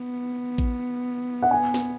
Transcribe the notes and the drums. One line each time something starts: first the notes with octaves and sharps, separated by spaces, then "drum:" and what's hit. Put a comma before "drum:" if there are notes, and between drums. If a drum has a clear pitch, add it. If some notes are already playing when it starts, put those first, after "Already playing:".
Already playing: B3
drum: kick A1
F#5
G#5
drum: snare